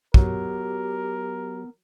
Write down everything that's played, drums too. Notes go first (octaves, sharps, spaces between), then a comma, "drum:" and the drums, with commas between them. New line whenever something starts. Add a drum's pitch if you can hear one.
F#3 B3 G4 A#4, drum: kick